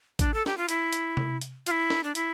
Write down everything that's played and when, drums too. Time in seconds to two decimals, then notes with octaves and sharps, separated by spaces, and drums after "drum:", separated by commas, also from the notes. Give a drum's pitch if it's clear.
0.19 D4, drum: kick A1, hi-hat
0.34 A4
0.46 G4, drum: snare
0.57 F4
0.69 E4, drum: hi-hat
0.93 drum: hi-hat
1.17 drum: tom C3
1.41 drum: hi-hat
1.66 F4, drum: hi-hat
1.71 E4
1.90 drum: snare
2.04 D4
2.15 E4, drum: hi-hat